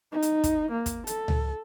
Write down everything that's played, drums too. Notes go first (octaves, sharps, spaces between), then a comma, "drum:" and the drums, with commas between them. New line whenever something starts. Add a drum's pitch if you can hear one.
D#4
drum: hi-hat
drum: kick, hi-hat
A#3
drum: kick, hi-hat
A4, drum: hi-hat
drum: tom C#2